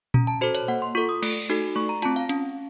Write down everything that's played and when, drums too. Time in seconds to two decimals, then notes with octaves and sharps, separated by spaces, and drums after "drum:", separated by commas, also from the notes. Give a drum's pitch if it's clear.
0.14 C#4 A#5, drum: tom A#2
0.27 A5
0.41 F#4 A4 C5
0.55 C#5, drum: hi-hat
0.68 A#3 F#5
0.82 C6
0.95 F4 A4 C#6
1.09 D#6
1.22 A3, drum: cymbal
1.50 D#4 F#4 A4
1.76 A3 C#6
1.89 A#5
2.02 C4 F4 A5, drum: hi-hat
2.16 F5
2.29 C#4, drum: hi-hat